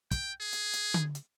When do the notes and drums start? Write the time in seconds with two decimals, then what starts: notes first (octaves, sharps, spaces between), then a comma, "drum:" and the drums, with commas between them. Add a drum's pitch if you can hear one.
0.11 G5, drum: kick, hi-hat
0.41 G#4
0.53 drum: hi-hat
0.73 drum: hi-hat
0.94 drum: tom D3
1.15 drum: hi-hat